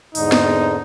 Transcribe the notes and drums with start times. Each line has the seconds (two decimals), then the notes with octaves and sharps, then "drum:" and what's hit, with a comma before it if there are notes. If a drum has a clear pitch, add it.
0.15 E2 G#2 D3 D#4, drum: open hi-hat
0.32 drum: snare